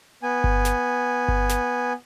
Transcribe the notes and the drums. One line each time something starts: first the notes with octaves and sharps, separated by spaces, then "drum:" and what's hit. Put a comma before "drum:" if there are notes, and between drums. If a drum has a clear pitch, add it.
B3 G#5
drum: kick G1
drum: snare
drum: kick G1
drum: snare